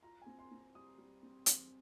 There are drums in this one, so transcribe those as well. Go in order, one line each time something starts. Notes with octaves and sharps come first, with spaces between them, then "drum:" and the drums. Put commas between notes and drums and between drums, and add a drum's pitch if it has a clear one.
F4 A#5
C4 G#5
C6
C4
G3 D#6
G3
C4
C4, drum: hi-hat